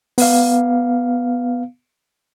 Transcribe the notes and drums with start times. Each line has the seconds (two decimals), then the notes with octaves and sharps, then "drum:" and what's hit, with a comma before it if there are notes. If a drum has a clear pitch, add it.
0.18 B3 F5, drum: open hi-hat